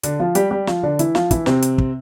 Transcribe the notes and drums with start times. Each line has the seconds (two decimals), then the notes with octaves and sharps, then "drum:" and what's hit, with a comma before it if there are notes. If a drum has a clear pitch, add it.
0.03 D3 D4, drum: hi-hat
0.20 F3 F4
0.35 G3 G4, drum: hi-hat
0.51 G3 G4
0.67 F3 F4, drum: snare
0.83 D3 D4
0.99 E3 E4, drum: hi-hat
1.15 F3 F4, drum: snare
1.31 E3 E4, drum: kick, hi-hat
1.46 C3 C4, drum: snare
1.62 drum: hi-hat
1.78 drum: kick